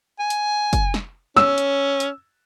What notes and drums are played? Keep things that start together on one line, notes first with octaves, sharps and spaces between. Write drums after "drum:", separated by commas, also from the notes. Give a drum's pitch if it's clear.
G#5
drum: hi-hat
drum: kick, hi-hat
drum: snare
C#4 E6, drum: snare
drum: hi-hat
drum: hi-hat